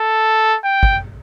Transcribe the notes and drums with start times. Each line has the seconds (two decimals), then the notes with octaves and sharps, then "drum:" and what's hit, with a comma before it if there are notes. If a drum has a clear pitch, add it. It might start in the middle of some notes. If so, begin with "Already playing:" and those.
Already playing: A4
0.64 G5
0.83 drum: kick